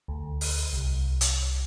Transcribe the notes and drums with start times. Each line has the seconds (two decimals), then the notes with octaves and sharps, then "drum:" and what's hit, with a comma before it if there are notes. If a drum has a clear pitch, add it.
0.08 D2
0.41 drum: open hi-hat
0.73 C2
1.21 drum: hi-hat